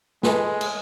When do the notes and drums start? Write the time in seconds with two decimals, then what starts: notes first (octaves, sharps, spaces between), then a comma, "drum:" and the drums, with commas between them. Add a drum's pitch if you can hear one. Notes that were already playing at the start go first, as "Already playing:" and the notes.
0.23 G#3 A4 B4, drum: snare
0.61 drum: cymbal